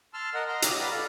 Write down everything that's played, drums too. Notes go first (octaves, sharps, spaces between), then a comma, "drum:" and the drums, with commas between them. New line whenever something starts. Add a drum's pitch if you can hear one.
A5 C6 E6 F6
A#4 D#5 F#5
D#5 A#5 C6
F#4 G4 D#6, drum: hi-hat
B4 D5 F5 A#5 B5
A4 D5 F5